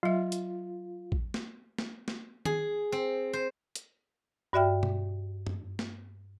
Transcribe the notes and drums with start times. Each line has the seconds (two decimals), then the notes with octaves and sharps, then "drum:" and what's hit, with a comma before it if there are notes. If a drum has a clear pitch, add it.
0.03 F#3 F4 E5
0.32 drum: hi-hat
1.12 drum: kick A1
1.34 drum: snare A#3
1.78 drum: snare A#3
2.08 drum: snare A#3
2.45 G#4, drum: tom D#3
2.92 C4
3.33 C5
3.75 drum: hi-hat
4.53 G2 F#4 D5 E5 G5 F6
4.83 drum: tom B2
5.47 drum: tom F#2
5.79 drum: snare A#3